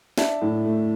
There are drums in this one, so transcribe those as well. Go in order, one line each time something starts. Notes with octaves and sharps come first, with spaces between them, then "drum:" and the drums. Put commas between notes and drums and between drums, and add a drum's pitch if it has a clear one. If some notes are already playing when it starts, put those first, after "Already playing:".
D4 E5 A5, drum: snare
A2
A3